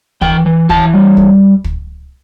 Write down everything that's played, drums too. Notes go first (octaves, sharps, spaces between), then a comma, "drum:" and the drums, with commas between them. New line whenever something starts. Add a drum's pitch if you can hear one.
E3 G5, drum: kick
E3
E3 A5, drum: kick
G3
drum: kick
drum: kick